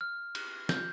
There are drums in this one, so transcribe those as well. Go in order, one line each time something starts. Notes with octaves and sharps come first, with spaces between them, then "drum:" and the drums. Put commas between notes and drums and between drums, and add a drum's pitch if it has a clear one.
F6
drum: cymbal
G6, drum: snare